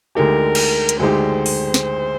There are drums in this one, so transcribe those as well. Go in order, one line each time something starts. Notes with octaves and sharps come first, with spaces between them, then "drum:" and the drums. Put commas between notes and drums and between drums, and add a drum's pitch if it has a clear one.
D2 D3 G#3 D#4 G4 A#4
drum: cymbal
drum: hi-hat
D2 D3 G#3 D#4 G4 C5
drum: open hi-hat
drum: snare